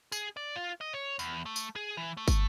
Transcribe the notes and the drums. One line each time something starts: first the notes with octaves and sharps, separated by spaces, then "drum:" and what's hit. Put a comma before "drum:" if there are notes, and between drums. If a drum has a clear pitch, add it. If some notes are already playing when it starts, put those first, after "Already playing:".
G#4, drum: tambourine
D5
F4
D#5
C#5
E2, drum: tambourine
A3
drum: tambourine
G#4
E3
A3
drum: kick, tambourine